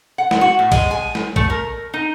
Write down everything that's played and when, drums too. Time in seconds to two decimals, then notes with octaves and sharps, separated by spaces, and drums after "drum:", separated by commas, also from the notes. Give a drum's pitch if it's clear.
0.18 F#5
0.31 drum: snare
0.41 F#4
0.59 A2
0.72 G#3, drum: kick, cymbal
0.91 G#5
1.15 drum: snare
1.36 A3, drum: kick
1.50 A#4
1.94 D#4